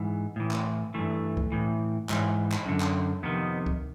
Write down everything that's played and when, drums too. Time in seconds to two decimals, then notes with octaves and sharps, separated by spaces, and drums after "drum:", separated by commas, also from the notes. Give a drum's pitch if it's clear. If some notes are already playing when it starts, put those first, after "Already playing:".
Already playing: G#2 E3
0.36 A2 E3
0.51 drum: clap
0.94 G2 E3 A3
1.37 drum: kick C#2
1.52 A2 E3
2.09 G#2 E3, drum: clap
2.52 drum: clap
2.66 F#2 D3
2.80 drum: clap
3.23 F2 C3 D#3 B3
3.66 drum: kick C#2